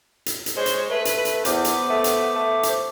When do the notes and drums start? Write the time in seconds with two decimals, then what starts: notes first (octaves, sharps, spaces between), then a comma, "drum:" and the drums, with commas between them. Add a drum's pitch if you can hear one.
0.26 drum: hi-hat
0.46 drum: hi-hat
0.56 G#3 C5 C#5
0.66 drum: hi-hat
0.90 A3 B4
1.05 drum: hi-hat
1.25 drum: hi-hat
1.45 E2 B3 C5 D6, drum: hi-hat
1.65 drum: hi-hat
1.90 A3
2.04 drum: hi-hat
2.36 A3
2.63 drum: hi-hat